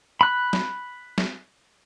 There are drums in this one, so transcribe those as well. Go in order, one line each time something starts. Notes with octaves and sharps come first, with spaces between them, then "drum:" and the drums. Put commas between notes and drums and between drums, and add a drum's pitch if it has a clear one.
B5 F#6
drum: snare
drum: snare